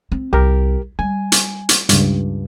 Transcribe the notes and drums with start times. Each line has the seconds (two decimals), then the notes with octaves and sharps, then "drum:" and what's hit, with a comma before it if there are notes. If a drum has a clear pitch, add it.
0.12 C4
0.33 C2 G4 A#4
0.99 G3 G#5
1.32 drum: hi-hat
1.69 drum: hi-hat
1.89 C#2 G2, drum: hi-hat